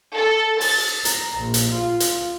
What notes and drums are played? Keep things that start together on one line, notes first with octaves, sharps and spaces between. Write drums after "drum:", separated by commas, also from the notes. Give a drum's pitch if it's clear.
A4
A6, drum: open hi-hat
A#5, drum: hi-hat
A#1
drum: hi-hat
F4
drum: hi-hat